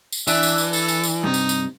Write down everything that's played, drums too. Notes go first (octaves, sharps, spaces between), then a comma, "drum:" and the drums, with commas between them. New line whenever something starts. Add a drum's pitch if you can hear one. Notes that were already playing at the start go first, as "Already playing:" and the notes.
drum: tambourine
E3 D4 B4 D5 E5, drum: tambourine
drum: tambourine
drum: tambourine
A4, drum: tambourine
drum: tambourine
drum: tambourine
G2 C3 D#4
drum: tambourine
drum: tambourine